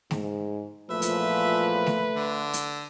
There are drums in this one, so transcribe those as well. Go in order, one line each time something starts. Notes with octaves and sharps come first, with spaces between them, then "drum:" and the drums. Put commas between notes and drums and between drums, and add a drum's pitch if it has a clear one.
G#2, drum: snare A3
E2 A#2 F3 A3 B4 E5
drum: hi-hat
drum: snare A3
D3
drum: hi-hat